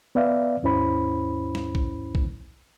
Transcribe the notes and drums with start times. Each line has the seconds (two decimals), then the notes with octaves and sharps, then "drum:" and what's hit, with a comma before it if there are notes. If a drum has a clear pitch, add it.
0.15 B3 B4 D5 E5 F5
0.63 D#2 G#2 C#4 E4 C5 B5
1.55 drum: snare
1.75 drum: kick
2.15 drum: kick